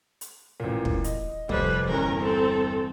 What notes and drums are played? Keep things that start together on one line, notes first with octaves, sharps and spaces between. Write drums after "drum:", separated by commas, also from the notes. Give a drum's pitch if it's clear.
drum: hi-hat
A1 A#2
drum: kick
D#5, drum: hi-hat
F1 G3 B4 C5, drum: kick
G1 E2 C#4 A#4 A#5
C4 A4